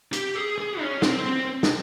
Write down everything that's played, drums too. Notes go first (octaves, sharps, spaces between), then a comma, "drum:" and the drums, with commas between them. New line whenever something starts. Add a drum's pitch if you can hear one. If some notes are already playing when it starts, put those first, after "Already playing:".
G4, drum: hi-hat
G#4
G#4
C#4
C4, drum: snare
C4
drum: snare